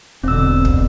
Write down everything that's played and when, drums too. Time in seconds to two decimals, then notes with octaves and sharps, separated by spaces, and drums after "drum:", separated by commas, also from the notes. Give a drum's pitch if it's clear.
0.23 E1 B2 D3 C4 E6
0.65 drum: kick